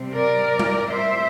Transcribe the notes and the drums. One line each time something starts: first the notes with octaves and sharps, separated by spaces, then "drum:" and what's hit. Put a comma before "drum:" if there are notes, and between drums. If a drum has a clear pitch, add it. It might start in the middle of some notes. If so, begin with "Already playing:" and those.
Already playing: C3 G3 C4
A#4 D5
drum: tom G3
A2 G3 C4 C5 E5